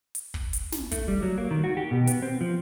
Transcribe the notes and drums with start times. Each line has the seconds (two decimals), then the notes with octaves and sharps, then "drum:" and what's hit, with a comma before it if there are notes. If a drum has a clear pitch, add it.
0.15 drum: hi-hat
0.34 drum: kick
0.53 drum: hi-hat
0.72 drum: snare
0.91 A3, drum: kick, hi-hat
1.08 G3
1.23 F#3
1.38 A#3
1.51 D#3
1.64 F#4
1.77 G4
1.91 B2
2.07 B3, drum: hi-hat
2.22 C4
2.41 F3